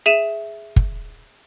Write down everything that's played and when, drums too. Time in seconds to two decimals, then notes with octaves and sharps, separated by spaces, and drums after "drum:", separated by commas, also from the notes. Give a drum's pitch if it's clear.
0.06 G#4 E5 D#7 E7
0.76 drum: kick